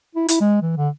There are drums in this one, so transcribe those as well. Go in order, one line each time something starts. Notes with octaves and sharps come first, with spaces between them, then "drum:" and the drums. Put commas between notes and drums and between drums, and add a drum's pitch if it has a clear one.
E4
E4, drum: hi-hat
G#3
E3
D3